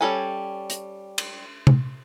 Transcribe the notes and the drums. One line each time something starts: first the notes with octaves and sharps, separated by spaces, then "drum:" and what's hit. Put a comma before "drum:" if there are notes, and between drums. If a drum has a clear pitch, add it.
G3 C#4 A4 C#5 G#5
drum: hi-hat
drum: cymbal
drum: tom C3